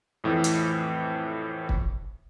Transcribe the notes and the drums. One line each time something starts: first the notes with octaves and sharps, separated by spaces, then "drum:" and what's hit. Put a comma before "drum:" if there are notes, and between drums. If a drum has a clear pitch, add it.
F2 A2 E3
drum: hi-hat
drum: kick